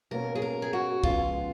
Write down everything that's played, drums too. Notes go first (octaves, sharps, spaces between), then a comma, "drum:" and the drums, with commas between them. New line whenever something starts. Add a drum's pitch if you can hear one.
B2 A#3 C#4 A#4
G#4
A#4
G#4
F#4
C#3 F3 G#3 B3 F4, drum: kick C2